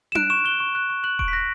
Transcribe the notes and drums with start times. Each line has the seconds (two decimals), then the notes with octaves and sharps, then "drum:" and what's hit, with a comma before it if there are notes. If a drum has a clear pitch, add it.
0.12 E7
0.15 F#6 D7, drum: tom D4
0.30 C#6 E7
0.45 F#6 G7
0.60 C#6
0.75 F#6
0.90 C#6
1.04 F#6 F#7
1.19 C#6 D7, drum: kick D#1
1.28 B6
1.33 F#6 A#6